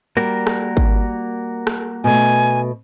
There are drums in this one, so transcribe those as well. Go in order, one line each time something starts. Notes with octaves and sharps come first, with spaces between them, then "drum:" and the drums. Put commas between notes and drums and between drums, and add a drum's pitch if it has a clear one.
G3 A#3 F#4 A#4
drum: rim click
drum: kick G#1
drum: rim click
B2 A3 G#5